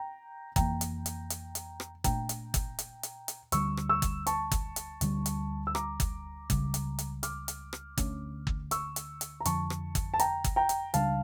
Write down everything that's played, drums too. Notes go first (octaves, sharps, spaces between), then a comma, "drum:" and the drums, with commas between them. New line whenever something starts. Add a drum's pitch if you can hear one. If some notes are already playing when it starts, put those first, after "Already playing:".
Already playing: G5 A#5
F2 E3 A#3 G5 A#5, drum: kick, hi-hat
drum: hi-hat
drum: hi-hat
drum: hi-hat
drum: hi-hat
drum: rim click
A#2 A3 D4 G5 A#5, drum: kick, hi-hat
drum: hi-hat
drum: kick, hi-hat
drum: hi-hat
drum: hi-hat
drum: hi-hat
D2 D3 G3 C#6 E6, drum: hi-hat
drum: rim click
C#6 E6
drum: kick, hi-hat
A5 C#6, drum: hi-hat
drum: kick, hi-hat
drum: hi-hat
D2 D3 G3, drum: hi-hat
drum: hi-hat
E6
A#5 D6, drum: rim click
drum: kick, hi-hat
C#2 C#3 G3, drum: kick, hi-hat
drum: hi-hat
drum: hi-hat
D6 F6, drum: hi-hat
drum: hi-hat
drum: rim click
D2 D3 A3 C#4, drum: kick, hi-hat
drum: kick
C#6 E6, drum: hi-hat
drum: hi-hat
drum: hi-hat
A#5
F2 D3 F3 A5 C#6, drum: hi-hat
drum: rim click
drum: kick, hi-hat
A5
G5 A#5, drum: hi-hat
drum: kick, hi-hat
G5 A#5
drum: hi-hat
C#2 C#3 G3 D4 F5 A5, drum: hi-hat